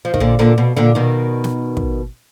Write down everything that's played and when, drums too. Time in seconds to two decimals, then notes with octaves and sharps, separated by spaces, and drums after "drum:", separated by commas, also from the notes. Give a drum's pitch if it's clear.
0.05 F3
0.14 D#3, drum: kick
0.20 A#2 D3
0.39 A#2 D3
0.58 B2
0.77 A#2 D3
0.95 B2 D#3
1.44 drum: snare
1.77 drum: kick